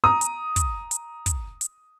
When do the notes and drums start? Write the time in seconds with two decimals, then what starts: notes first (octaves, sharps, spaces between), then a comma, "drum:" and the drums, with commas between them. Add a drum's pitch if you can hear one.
0.04 A#5 D#6
0.21 drum: hi-hat
0.56 drum: kick, hi-hat
0.91 drum: hi-hat
1.26 drum: kick, hi-hat
1.61 drum: hi-hat